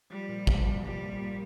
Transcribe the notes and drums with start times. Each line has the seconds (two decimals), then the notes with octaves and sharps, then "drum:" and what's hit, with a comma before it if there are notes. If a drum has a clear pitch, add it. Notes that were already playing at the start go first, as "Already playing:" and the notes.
0.10 F3 G3
0.29 A#2
0.47 A#2, drum: kick
0.65 A#2
0.84 A#2 G3
1.03 A#2
1.21 A#3